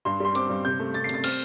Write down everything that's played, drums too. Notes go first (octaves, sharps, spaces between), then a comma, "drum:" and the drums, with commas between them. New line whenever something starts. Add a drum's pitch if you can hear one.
G2 C6
G3 C6
C4 D6, drum: hi-hat
G2
C3 G6
A3
C3 A6
C7
C3 A6, drum: hi-hat
C4 F6, drum: cymbal